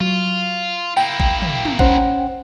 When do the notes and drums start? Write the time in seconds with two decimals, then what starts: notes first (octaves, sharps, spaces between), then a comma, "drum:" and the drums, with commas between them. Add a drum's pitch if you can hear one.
0.01 F#3 F4
0.97 A#3 E4 G5
1.20 drum: kick A1
1.42 drum: tom
1.65 drum: tom
1.79 C#4 C5 F#5, drum: kick A1